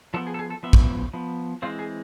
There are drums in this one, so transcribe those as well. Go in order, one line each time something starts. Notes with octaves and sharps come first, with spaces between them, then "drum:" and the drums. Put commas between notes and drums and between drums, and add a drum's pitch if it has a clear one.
F3 B3 A4
G#4
A4
G#4
A4
F3 B3 E5
drum: kick
F3 B3
E3 G#3 C4 F4
G#4